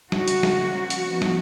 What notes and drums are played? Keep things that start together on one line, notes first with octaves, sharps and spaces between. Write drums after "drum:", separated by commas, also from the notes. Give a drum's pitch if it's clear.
C#3 G#3 D#4 F#4, drum: snare
drum: hi-hat
drum: snare
F3 A#3 C#4
drum: hi-hat
F3 B3 D#4
drum: snare